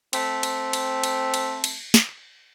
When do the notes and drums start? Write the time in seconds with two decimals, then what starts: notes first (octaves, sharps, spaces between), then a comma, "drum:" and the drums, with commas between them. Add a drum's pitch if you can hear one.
0.13 A3 C4, drum: cymbal
0.43 drum: cymbal
0.73 drum: cymbal
1.04 drum: cymbal
1.34 drum: cymbal
1.64 drum: cymbal
1.94 drum: snare